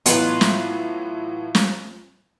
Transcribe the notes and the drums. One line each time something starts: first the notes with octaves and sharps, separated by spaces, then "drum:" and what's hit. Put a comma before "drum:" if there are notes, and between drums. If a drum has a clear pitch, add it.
A2 E3 F#3 B3 D#4 F4 B4, drum: hi-hat
drum: snare
drum: snare